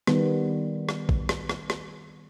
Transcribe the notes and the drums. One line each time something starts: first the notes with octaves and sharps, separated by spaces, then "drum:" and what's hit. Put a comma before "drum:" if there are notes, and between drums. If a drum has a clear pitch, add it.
D#3 G3 B3, drum: rim click
drum: rim click
drum: kick
drum: rim click
drum: rim click
drum: rim click